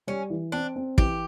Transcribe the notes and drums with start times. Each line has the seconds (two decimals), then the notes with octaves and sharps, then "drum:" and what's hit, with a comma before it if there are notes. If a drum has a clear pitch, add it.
0.07 G3 C#4
0.30 E3
0.52 C4 D4
0.76 C4
0.98 E3 G4, drum: kick